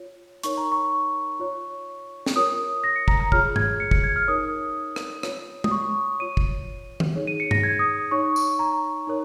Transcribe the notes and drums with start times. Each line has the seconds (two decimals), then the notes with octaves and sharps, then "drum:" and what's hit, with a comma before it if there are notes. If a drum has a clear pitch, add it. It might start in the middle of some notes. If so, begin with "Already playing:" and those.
Already playing: F4 C#5
0.43 D#4 A#4 C#5 C#6, drum: hi-hat
0.57 A#5
0.72 C#6
1.40 F4 C#5
2.26 drum: snare
2.36 F4 A#4 C#5 D#6
2.84 A#6
2.96 C#7
3.08 A#5, drum: kick
3.20 A#5
3.32 F4 G#4 C#5 F6, drum: kick
3.56 G#6, drum: tom G2
3.80 C#7
3.91 C#7, drum: kick
4.04 G#6
4.16 F6
4.28 D#4 A#4 C#5 D#6
4.96 drum: rim click
5.23 F4 C#5, drum: rim click
5.64 D#6, drum: tom
5.71 C#6
6.19 F4 C#5 D#7
6.37 drum: kick
7.00 drum: tom
7.16 D#4 G#4 C#5
7.27 D#7
7.40 C#7
7.51 A#6, drum: tom G2
7.63 G#6
7.79 D#6
8.11 D#4 C#5 C#6
8.36 drum: tambourine
8.59 A#5
9.07 D#4 A#4 C#5